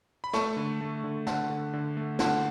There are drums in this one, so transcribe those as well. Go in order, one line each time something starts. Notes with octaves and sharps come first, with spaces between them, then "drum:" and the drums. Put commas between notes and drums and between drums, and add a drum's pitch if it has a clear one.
B5
A3 A5 C#6, drum: snare
D3
A3
D3
D3 F#5 A5, drum: snare
D3
D3
A3
D3 F#5 A5, drum: snare